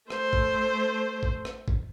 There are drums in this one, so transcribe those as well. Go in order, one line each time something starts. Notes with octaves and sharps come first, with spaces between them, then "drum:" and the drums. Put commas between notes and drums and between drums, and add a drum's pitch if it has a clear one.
A3 C5, drum: rim click
drum: kick
drum: kick
drum: rim click
drum: kick